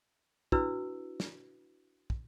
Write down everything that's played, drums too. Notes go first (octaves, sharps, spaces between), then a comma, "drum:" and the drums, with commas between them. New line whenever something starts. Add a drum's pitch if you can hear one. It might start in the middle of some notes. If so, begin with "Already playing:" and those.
D4 E4 F#4 B4 E6, drum: kick
drum: snare
drum: kick